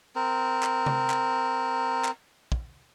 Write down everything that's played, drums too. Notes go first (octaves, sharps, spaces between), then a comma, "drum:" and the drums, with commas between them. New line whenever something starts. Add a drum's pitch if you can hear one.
C4 A#4
drum: clap
drum: tom C3
drum: clap
drum: clap
drum: kick